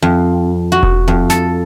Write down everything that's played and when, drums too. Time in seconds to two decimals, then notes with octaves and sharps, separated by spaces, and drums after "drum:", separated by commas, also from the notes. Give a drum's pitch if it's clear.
0.02 F2
0.72 F#4
0.83 drum: kick E1
1.08 F2
1.30 A4, drum: snare